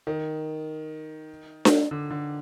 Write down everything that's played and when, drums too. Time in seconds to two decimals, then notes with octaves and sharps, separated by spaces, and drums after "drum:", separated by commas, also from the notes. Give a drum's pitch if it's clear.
0.07 D#3
1.65 drum: snare D4
1.91 D3
2.11 D3